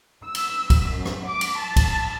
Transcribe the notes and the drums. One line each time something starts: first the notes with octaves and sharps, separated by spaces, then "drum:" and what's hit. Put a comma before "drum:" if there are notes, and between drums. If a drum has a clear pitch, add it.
E6
drum: cymbal
drum: kick, cymbal
F#2
drum: rim click
D6
drum: cymbal
A5
drum: kick, cymbal